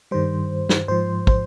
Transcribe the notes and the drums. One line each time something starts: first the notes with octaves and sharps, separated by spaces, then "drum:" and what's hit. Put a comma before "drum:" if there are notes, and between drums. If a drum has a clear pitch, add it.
G2 D#3 G3 C5
drum: snare
G#2 F3 C5
C5, drum: kick